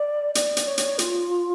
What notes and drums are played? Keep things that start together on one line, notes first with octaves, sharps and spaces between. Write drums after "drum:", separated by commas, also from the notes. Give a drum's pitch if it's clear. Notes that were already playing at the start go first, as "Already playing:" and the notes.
Already playing: D5
D5, drum: hi-hat
drum: hi-hat
C#5
drum: hi-hat
F4, drum: hi-hat